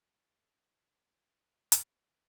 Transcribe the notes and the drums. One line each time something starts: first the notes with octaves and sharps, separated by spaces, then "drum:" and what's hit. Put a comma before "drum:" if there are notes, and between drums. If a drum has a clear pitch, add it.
A1 D6 G6
C#5 D5 E5 A5 D#6
F#1 D#2 G#2 C#3
drum: hi-hat